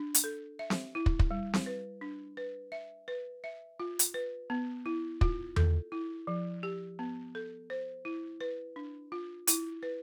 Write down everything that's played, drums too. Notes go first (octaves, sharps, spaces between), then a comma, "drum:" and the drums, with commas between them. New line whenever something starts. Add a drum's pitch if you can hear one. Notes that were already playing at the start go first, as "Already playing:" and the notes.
Already playing: D4
drum: hi-hat
A4
E5
drum: snare C4
E4
drum: kick
drum: kick
G3
drum: snare C4
B4
D4
B4
E5
B4
E5
F4
drum: hi-hat
B4
B3
E4
F4, drum: kick
A4, drum: tom E2
E4
F3
G4
B3
A4
C5
E4
B4
D4
F4
E4, drum: hi-hat
B4